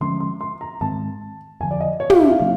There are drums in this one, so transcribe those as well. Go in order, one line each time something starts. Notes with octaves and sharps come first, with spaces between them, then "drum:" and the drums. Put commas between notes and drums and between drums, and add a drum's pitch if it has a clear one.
D3 F3 G#3 C#4 C6
C6
C6
A#5
G#2 D#3 G#3 C4 A5
F2 D3 F3 G#5
D5
D#5
C#5
F5, drum: tom
E5
F5
C#3 F#3 A#3 C#4 F5